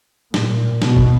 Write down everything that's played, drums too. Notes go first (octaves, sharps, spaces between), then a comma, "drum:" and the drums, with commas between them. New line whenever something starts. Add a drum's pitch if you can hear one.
A#2, drum: snare
B2, drum: snare
drum: kick